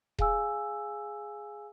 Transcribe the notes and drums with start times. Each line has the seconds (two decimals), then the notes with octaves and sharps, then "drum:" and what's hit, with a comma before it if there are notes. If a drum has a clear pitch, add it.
0.19 G#4 F5 G#5 E6, drum: kick D#1